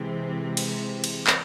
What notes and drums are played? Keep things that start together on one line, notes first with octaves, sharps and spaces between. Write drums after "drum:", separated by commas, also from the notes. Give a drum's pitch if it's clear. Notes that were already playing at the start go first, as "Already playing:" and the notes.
Already playing: C3 E3 G#3 C4
drum: cymbal
drum: cymbal
drum: clap